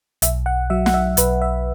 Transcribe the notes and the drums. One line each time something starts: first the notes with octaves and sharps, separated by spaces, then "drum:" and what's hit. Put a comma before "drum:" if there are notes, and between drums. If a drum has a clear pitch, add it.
B1 E5, drum: hi-hat
F#5
F#3 E5
F#5, drum: snare
E5
B1 B4, drum: hi-hat
E5